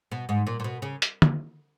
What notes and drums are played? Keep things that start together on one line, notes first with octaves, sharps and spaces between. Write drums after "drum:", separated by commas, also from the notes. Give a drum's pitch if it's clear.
B2
G#2
A#2
A#2
B2
C#3
drum: hi-hat
drum: tom D3